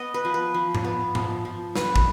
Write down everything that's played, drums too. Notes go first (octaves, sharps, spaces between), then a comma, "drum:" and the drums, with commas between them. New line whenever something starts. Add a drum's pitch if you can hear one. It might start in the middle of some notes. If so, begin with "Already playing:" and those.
Already playing: B3 D#5
B4
F3
B4
F3
drum: tom G#2
B3
F3, drum: tom G#2
F3
B3 B4, drum: snare
drum: kick